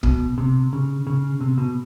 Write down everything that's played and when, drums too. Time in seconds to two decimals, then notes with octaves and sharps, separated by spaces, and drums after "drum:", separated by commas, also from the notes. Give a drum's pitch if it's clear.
0.03 B2, drum: kick
0.38 C3
0.73 C#3
1.07 C#3
1.41 C3
1.58 B2